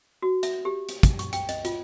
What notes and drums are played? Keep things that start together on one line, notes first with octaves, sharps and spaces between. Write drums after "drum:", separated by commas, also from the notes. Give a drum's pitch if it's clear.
F#4
E5, drum: hi-hat
G4
drum: hi-hat
drum: kick, hi-hat
C#6, drum: hi-hat
G5, drum: hi-hat
D#5, drum: hi-hat
F4, drum: hi-hat